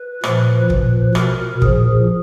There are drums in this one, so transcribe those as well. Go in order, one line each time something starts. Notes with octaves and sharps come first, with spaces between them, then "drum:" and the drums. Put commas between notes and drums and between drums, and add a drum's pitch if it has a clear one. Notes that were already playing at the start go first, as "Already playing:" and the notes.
Already playing: B4
A#2 F3, drum: rim click
A#2 F3, drum: kick
B2 A#4, drum: rim click
A#2 F3 G#4, drum: kick